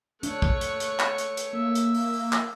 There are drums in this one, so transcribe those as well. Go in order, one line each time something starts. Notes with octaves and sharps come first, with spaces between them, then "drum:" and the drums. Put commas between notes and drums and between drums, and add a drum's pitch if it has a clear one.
A3 D4 C#5 C#6 F#6, drum: hi-hat
drum: kick
drum: hi-hat
drum: hi-hat
drum: clap
drum: hi-hat
drum: hi-hat
A#3 E5
drum: hi-hat
drum: open hi-hat
drum: open hi-hat
drum: clap